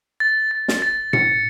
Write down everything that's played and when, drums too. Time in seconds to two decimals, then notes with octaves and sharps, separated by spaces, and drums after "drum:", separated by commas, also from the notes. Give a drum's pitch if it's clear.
0.20 A6
0.51 A6
0.68 drum: snare
0.82 A6
1.13 C#7, drum: tom A2